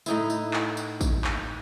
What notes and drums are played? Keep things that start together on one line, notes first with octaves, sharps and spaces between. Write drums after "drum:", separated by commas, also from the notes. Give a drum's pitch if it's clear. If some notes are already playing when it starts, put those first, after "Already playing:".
A2 D#4 E4, drum: tambourine
drum: tambourine
drum: clap
drum: tambourine
drum: kick, tambourine
drum: clap